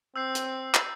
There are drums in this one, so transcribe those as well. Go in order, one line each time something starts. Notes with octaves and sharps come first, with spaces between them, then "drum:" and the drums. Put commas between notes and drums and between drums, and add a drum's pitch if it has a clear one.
C4 E6 G6 C7
drum: hi-hat
drum: clap